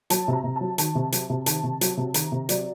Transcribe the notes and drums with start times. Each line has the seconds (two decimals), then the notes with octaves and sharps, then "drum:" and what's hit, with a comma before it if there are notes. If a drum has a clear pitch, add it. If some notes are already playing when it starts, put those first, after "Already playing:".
0.10 F#3 A5, drum: hi-hat
0.28 C3 A#5
0.44 C3
0.56 A5
0.61 F#3
0.78 D#3 A5, drum: hi-hat
0.95 C3
1.12 F#3, drum: hi-hat
1.30 C3
1.46 D#3 A5, drum: hi-hat
1.64 C3
1.81 F#3, drum: hi-hat
1.97 C3
2.14 D#3 A#5, drum: hi-hat
2.32 C3
2.49 F#3 D5, drum: hi-hat